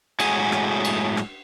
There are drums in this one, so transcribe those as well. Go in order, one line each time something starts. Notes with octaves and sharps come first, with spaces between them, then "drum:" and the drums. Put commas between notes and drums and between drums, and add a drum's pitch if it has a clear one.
A2 F#3 G#3 F#4 G#4 G#5, drum: cymbal
drum: rim click
drum: cymbal
drum: rim click